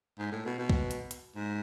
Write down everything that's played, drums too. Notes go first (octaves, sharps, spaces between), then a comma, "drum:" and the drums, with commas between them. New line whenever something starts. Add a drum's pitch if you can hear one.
G#2
A2
B2
B2
drum: kick
drum: hi-hat
drum: hi-hat
G#2